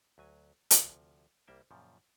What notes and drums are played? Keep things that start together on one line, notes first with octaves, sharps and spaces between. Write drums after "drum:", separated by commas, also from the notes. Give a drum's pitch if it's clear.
D2 F#3 G#5
D2 C3 F3, drum: hi-hat
C2 G3 A#3 E5 G5
F#2 A#2 C#3 F3